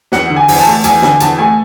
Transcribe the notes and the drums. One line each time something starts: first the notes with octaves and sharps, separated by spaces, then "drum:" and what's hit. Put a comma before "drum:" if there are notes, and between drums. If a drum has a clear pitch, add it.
E2 F#5, drum: snare
D3
G#5
E2, drum: open hi-hat
G#5
A5
A3
E2 G#5, drum: hi-hat
D3 G#5, drum: snare
E2 A5, drum: hi-hat
A3 G#5